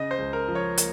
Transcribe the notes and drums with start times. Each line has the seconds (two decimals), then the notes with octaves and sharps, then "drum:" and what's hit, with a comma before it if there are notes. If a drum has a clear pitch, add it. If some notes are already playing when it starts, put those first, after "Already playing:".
Already playing: C#3 D#5
0.11 C5
0.18 C#2
0.33 A#4
0.48 F3
0.55 C#5
0.78 A#3, drum: hi-hat